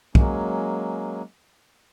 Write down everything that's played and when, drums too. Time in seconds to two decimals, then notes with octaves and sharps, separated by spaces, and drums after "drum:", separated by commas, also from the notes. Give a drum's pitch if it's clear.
0.15 F#3 G#3 A#3 C#4, drum: kick